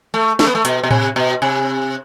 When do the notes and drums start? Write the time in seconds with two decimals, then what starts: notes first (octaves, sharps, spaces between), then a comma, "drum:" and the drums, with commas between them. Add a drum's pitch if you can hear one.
0.14 A3
0.39 A3, drum: snare
0.47 B3
0.55 A3
0.65 B2, drum: hi-hat
0.83 B2
0.91 C3, drum: tom A2
1.16 B2
1.42 C3